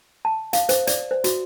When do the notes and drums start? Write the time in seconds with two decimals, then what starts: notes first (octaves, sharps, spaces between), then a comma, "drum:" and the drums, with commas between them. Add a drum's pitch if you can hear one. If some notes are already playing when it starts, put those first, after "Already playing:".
0.25 A5
0.53 F5, drum: hi-hat
0.69 C5, drum: hi-hat
0.87 D5, drum: hi-hat
1.11 C5
1.24 F#4, drum: hi-hat